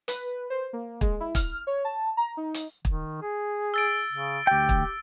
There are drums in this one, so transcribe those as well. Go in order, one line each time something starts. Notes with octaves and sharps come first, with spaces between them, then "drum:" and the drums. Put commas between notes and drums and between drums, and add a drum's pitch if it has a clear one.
B4, drum: hi-hat
C5
A#3
G#3, drum: kick
E4
F6, drum: kick, hi-hat
C#5
A5
A#5
D#4
drum: hi-hat
D#3, drum: kick
G#4
E6 A6 D7
C#3
D2 G4 G5
drum: kick